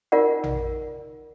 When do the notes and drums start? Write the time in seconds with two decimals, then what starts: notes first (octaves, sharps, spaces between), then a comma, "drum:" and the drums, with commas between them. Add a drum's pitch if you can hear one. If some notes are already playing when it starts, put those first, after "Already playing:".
0.12 D#4 F4 A#4 D5 F#5
0.44 drum: tom A#1